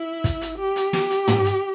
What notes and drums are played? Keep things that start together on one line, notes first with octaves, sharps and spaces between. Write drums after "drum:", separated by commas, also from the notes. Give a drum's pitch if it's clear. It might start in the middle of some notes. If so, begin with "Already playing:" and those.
Already playing: E4
drum: kick, hi-hat
drum: hi-hat
G4
drum: hi-hat
drum: snare
drum: hi-hat
drum: tom
drum: hi-hat